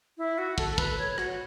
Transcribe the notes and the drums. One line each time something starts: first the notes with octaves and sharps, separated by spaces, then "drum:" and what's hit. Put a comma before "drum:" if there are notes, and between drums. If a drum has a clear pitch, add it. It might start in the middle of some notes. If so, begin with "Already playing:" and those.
E4
F#4
A4, drum: kick
A4
B4, drum: kick
C#5
F#4, drum: rim click